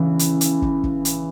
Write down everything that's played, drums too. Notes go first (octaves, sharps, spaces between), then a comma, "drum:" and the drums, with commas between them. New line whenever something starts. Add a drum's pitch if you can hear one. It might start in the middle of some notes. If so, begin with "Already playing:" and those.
Already playing: C#3 E3
drum: hi-hat
drum: hi-hat
drum: kick
drum: kick
drum: hi-hat